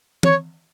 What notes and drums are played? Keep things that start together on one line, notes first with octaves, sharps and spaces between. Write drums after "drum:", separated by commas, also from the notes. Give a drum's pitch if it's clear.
C#5, drum: tom